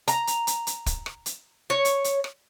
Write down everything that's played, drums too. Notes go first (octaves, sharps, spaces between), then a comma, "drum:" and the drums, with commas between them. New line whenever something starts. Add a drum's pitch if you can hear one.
A#5, drum: hi-hat
drum: hi-hat
drum: hi-hat
drum: hi-hat
drum: kick, hi-hat
drum: rim click
drum: hi-hat
C#5
drum: hi-hat
drum: hi-hat
drum: rim click